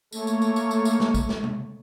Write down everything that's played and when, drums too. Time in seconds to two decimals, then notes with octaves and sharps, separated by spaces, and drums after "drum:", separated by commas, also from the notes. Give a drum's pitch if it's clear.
0.12 A3 A#3 C#5, drum: tambourine
0.27 drum: tambourine
0.42 drum: tambourine
0.56 drum: tambourine
0.71 drum: tambourine
0.85 drum: tambourine
1.00 drum: snare
1.14 drum: kick, tambourine
1.29 drum: snare
1.44 drum: tom C3